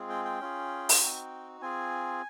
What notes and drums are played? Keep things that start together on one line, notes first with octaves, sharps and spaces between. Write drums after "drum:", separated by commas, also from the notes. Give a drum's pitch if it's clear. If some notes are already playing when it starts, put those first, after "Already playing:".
Already playing: G#3 C4 F4 G#4
G5
G5
C#4 F4 G#4
drum: open hi-hat
C4 D#4 F#4
C4 F4 G#4 G#5